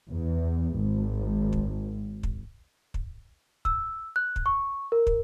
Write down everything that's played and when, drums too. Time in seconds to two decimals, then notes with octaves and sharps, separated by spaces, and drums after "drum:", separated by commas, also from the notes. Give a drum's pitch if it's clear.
0.11 E2
0.77 G#1
1.53 drum: kick
2.23 drum: kick
2.94 drum: kick
3.65 E6, drum: kick
4.16 F#6
4.36 drum: kick
4.46 C#6
4.92 A#4
5.07 drum: kick